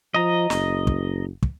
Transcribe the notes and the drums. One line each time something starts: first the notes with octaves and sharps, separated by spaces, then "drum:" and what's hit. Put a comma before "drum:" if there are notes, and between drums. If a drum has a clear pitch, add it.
F3 D#5 A#5
F#1, drum: snare
drum: kick
drum: kick